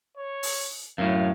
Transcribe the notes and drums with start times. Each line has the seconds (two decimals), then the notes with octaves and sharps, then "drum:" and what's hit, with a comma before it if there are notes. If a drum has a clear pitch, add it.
0.17 C#5
0.43 drum: open hi-hat
0.98 F#2 A2 F5